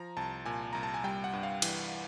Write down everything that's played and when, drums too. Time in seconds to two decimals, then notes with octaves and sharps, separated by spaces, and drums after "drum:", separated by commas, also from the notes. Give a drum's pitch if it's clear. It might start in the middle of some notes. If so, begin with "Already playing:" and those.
Already playing: F3 A#5
0.17 C2 A5
0.46 A#2 G#5
0.73 C2 A#5
0.83 A5
0.94 G#5
1.04 G3 G5
1.24 F#5
1.33 G2
1.43 F5
1.62 E3, drum: cymbal